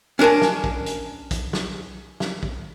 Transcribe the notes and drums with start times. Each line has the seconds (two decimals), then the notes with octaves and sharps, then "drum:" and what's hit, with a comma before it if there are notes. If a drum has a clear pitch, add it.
0.19 C#4 D4 A#4 G#5 A5
0.41 drum: snare
0.64 drum: kick
0.86 drum: hi-hat
1.31 drum: kick, hi-hat
1.53 drum: snare
2.20 drum: snare
2.43 drum: kick